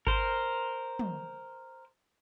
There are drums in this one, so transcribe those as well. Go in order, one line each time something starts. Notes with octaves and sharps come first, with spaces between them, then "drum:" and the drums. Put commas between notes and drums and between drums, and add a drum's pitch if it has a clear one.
A#4 C5, drum: kick G#1
drum: tom